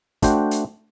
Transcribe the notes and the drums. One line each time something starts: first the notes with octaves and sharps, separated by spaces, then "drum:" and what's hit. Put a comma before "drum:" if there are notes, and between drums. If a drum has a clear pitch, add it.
A3 D4 F#4 C5 G5, drum: kick, hi-hat
drum: hi-hat